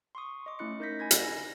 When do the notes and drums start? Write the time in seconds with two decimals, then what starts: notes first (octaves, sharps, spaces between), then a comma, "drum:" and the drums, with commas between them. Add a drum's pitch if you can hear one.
0.15 C6 C#6 D#6
0.46 D#5 D6
0.59 A3 C#4 E4 F#6 C#7
0.79 D#4 A#4 D#5 G6 A#6 B6
0.99 G#5 B5 G#6 A#6
1.11 drum: hi-hat
1.20 A#6